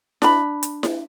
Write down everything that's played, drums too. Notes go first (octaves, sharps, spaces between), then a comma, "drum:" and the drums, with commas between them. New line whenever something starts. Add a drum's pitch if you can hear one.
D4 B5, drum: snare E4
drum: hi-hat
drum: snare E4